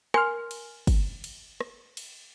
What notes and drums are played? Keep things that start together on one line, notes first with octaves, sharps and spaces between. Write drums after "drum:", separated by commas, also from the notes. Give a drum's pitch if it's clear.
A#4 G#5 C6 F6, drum: rim click
drum: cymbal
drum: kick G1, cymbal
drum: cymbal
drum: rim click
drum: cymbal